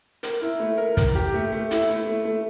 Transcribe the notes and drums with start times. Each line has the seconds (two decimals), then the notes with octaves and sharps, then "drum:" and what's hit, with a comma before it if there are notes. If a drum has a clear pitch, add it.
0.23 A#4, drum: hi-hat
0.42 E4
0.60 A3
0.78 A#4
0.97 A#4, drum: kick, hi-hat
1.15 G4
1.34 A3
1.53 A3
1.71 E4, drum: hi-hat
1.89 A3
2.07 A3
2.25 A3